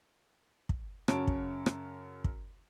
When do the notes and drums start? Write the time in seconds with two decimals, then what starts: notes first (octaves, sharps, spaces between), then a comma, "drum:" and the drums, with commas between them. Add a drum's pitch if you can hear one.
0.69 drum: kick
1.08 F#2 C#3 F#4 C#5 A5 D7, drum: rim click
1.27 drum: kick
1.66 drum: rim click
2.24 drum: kick